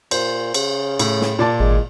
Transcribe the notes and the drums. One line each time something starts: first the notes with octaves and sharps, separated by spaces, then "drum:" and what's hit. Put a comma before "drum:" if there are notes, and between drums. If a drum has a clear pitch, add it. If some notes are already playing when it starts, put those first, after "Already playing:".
A#2 C5, drum: cymbal
C#3, drum: cymbal
A2, drum: cymbal
drum: snare
A#2 D5 A5
G#1 G#3